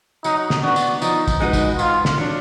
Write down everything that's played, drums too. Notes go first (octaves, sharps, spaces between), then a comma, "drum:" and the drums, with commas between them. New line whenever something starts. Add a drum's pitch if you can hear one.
F#3 D#4, drum: tambourine
drum: snare
B3 D4 F#4
drum: tambourine
F3 D#4, drum: tambourine
drum: kick, tambourine
G#3 D#4 F#4 B4
drum: kick, tambourine
G#2 F4, drum: tambourine
drum: snare
F#3 D4